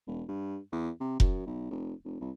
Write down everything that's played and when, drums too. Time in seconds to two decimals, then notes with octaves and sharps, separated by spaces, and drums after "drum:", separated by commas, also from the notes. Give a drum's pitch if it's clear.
0.07 E1
0.28 G2
0.72 E2
1.00 C3
1.20 F#2, drum: kick F1
1.46 B1
1.71 F1
2.05 F1
2.21 C2